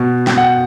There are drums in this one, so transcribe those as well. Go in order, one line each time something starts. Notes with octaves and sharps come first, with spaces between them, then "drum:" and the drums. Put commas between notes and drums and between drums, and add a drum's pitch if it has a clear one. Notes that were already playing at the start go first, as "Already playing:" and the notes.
Already playing: B2
G5, drum: snare
F#5
G5